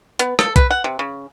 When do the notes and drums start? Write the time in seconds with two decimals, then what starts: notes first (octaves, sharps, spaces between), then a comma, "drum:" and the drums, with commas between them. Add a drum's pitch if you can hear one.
0.19 B3, drum: hi-hat
0.39 A4, drum: rim click
0.56 B4, drum: kick, hi-hat
0.71 F#5
0.84 C3
0.99 C#3